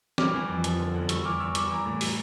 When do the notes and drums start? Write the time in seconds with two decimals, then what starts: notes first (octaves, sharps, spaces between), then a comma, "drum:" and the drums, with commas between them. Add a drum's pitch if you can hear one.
0.18 G3 D6 F6, drum: snare
0.34 E3
0.48 F2
0.64 F3, drum: hi-hat
0.79 D3
0.94 E2
1.09 G3 C#6 E6, drum: hi-hat
1.25 E3 D6 F6
1.40 E2 C#6 E6
1.55 G3 D6, drum: hi-hat
1.63 E6
1.71 E3 A#5 D6
1.85 A2
2.01 G3, drum: open hi-hat